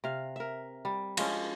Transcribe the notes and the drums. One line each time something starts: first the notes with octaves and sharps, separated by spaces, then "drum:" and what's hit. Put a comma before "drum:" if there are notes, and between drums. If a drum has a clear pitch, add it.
C3 F5
A#4 E5
G3
F3 G#3 C#4, drum: cymbal